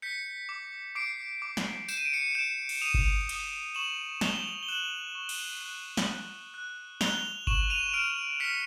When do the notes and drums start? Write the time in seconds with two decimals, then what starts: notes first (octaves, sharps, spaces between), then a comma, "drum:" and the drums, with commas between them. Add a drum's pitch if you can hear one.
0.02 G6 B6 C#7
0.49 D6
0.95 D6 C7 D7
1.42 D6
1.57 drum: snare
1.88 G6 E7, drum: tambourine
1.98 D#7
2.05 D7
2.13 C#7 D#7
2.35 G6 D7 E7
2.69 drum: cymbal
2.82 D#6 D#7 F7
2.94 drum: kick G1
3.29 D#6, drum: cymbal
3.75 C#6 E7 F#7
4.21 C#6 F7 G7, drum: snare
4.63 G7
4.68 F#6 E7 F#7
5.15 C#6
5.29 drum: cymbal
5.61 F#6
5.97 drum: snare
6.08 F#6
6.54 F#6
7.01 F#6 F7 G7, drum: snare
7.47 C#6 E7 F#7, drum: kick G1
7.70 D#7 F7
7.93 F6 D7 E7
8.40 F6 B6 C#7